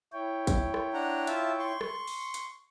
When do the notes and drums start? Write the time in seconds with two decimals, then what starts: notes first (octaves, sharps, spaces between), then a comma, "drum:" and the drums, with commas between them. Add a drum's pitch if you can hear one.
0.13 E4 C#5 G5
0.47 drum: kick, hi-hat
0.74 drum: rim click
0.94 D4 F#5 A#5
1.27 F4 E5 A5, drum: hi-hat
1.59 C6 C#6
1.81 drum: rim click
2.07 drum: open hi-hat
2.34 drum: hi-hat